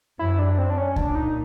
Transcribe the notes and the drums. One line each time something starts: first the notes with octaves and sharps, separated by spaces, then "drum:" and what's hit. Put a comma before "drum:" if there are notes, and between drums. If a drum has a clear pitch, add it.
F#2 E4
D4
C4
D4
C#4
A#2 D4, drum: kick C#2
D#4